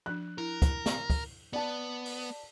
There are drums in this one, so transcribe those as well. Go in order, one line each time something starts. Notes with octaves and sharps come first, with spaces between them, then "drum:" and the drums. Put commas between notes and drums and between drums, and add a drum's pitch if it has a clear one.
F3 D4 F#6
E4 A#4
drum: kick, hi-hat
drum: snare
drum: kick, open hi-hat
B3 D5 A5
drum: open hi-hat